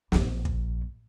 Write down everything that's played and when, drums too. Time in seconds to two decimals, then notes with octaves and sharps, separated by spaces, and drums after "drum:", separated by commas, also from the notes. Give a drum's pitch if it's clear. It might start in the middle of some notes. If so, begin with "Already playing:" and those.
0.12 A#1 A#2, drum: snare
0.45 drum: kick